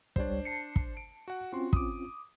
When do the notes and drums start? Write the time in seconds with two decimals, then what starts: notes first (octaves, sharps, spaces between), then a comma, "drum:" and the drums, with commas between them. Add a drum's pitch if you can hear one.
0.16 C#2 G3 D4 C5 C#5, drum: kick
0.45 A5 C7 C#7
0.76 drum: kick
0.97 D7
1.28 F#4 F#5
1.53 C4 C#4 F4 F#4 C6
1.73 D6 D#6, drum: kick